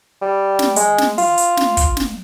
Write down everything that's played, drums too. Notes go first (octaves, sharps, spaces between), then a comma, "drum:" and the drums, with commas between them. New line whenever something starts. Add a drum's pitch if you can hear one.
G3
drum: snare
G#3, drum: hi-hat
drum: snare
F4, drum: open hi-hat
drum: hi-hat
drum: snare
drum: kick, hi-hat
drum: snare